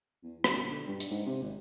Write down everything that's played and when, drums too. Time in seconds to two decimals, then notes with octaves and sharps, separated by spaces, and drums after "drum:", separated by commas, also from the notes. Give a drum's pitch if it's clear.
0.23 E2
0.44 G2, drum: rim click
0.57 G1
0.71 D3
0.87 G2
1.00 drum: hi-hat
1.11 G#2
1.26 C3
1.42 G#1